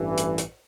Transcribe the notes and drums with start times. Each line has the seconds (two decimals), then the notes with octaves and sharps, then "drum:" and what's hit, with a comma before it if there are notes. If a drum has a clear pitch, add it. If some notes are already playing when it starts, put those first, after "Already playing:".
Already playing: A1 G2 E3
0.18 drum: hi-hat
0.38 drum: hi-hat